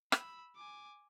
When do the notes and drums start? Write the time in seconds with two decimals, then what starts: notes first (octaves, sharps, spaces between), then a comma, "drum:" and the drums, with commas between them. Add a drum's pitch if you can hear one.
0.12 B5 E6, drum: rim click
0.56 G#5 D6